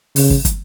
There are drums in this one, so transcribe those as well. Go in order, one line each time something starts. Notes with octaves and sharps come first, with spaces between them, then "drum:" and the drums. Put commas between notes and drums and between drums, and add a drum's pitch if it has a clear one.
C#3, drum: open hi-hat
drum: kick
drum: kick, hi-hat